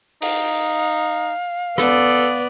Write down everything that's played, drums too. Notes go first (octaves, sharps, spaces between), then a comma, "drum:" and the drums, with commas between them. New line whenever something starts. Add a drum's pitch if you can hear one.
D#4 F5, drum: open hi-hat
B3 A4 D5, drum: rim click